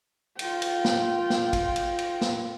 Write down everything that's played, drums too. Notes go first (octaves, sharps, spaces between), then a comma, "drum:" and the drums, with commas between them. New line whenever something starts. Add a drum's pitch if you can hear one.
F4 G5, drum: cymbal
drum: cymbal
drum: snare
drum: snare
drum: kick, cymbal
drum: cymbal
drum: cymbal
drum: snare